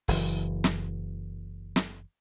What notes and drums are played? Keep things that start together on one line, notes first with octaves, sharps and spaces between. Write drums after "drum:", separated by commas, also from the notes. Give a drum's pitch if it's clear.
F#1 E3, drum: open hi-hat
drum: snare
drum: snare